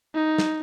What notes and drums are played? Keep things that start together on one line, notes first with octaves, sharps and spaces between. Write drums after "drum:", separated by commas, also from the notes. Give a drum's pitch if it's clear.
D#4
drum: snare